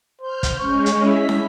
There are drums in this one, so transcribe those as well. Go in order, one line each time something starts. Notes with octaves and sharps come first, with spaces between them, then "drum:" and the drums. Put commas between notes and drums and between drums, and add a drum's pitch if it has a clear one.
C5 F6 G6
drum: kick, hi-hat
G#3 C#4 C#6
drum: hi-hat
E4 B6
drum: snare